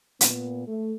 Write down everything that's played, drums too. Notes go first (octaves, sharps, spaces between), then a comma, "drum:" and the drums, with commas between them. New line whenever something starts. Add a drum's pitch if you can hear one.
A#2 B3, drum: hi-hat
A3